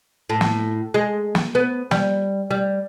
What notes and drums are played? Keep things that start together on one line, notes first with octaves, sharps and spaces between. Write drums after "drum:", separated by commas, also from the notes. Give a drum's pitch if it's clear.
A2
drum: snare
G#3
drum: snare
B3
G3, drum: snare
G3